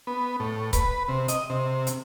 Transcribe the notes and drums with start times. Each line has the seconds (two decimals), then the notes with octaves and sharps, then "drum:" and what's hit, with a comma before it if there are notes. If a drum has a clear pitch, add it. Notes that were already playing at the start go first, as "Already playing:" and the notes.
0.07 B3
0.40 A2
0.73 B4, drum: kick C#1, hi-hat
1.09 C3
1.28 D#5, drum: hi-hat
1.50 C3
1.87 drum: hi-hat